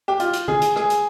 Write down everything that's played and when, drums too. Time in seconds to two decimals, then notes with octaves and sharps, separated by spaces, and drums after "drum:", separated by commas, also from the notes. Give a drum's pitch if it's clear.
0.08 G4
0.20 F4, drum: hi-hat
0.33 drum: hi-hat
0.48 G#4, drum: tom D3
0.62 drum: hi-hat
0.76 G#4, drum: rim click
0.90 drum: hi-hat